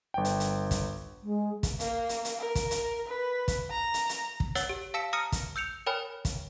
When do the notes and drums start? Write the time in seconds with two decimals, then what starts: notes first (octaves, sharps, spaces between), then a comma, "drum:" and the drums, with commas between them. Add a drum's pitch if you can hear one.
0.14 G1 G5
0.25 drum: hi-hat
0.40 drum: hi-hat
0.71 drum: kick, hi-hat
1.23 G#3
1.63 drum: kick, hi-hat
1.80 A#3, drum: hi-hat
2.09 drum: hi-hat
2.25 drum: hi-hat
2.39 A#4
2.55 drum: kick, hi-hat
2.71 drum: hi-hat
3.08 B4
3.48 drum: kick, hi-hat
3.70 A#5
3.94 drum: hi-hat
4.09 drum: hi-hat
4.40 drum: kick
4.55 C#5 F#5 E6 A6 F#7 G7, drum: hi-hat
4.69 G4
4.94 F5 A5 E6 B6 C#7 E7
5.13 A#5 D#6 F6 A#6 C#7 D#7
5.32 drum: kick, hi-hat
5.56 E6 G6 C#7 F7
5.86 A#4 C#5 G5 G#5 B5 F6
6.25 drum: kick, hi-hat